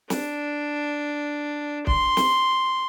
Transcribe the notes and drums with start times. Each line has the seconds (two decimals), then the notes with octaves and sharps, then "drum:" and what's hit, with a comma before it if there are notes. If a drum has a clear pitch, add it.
0.10 D4, drum: snare
1.87 C6, drum: kick
2.17 drum: snare